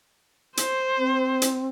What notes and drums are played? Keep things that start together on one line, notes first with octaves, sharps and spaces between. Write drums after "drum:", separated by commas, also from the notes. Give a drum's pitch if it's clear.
C5, drum: hi-hat
C4
drum: hi-hat